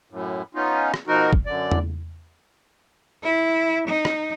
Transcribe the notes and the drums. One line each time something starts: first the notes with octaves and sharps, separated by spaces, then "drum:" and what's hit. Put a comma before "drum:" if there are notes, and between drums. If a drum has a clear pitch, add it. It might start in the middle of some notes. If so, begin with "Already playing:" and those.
F#2 A2
B3 C#4 D#4 F4
drum: rim click
B2 F3 D#4 F#4 A#4
drum: kick
F#2 D3 D5
drum: tom E2
E4
D#4
drum: rim click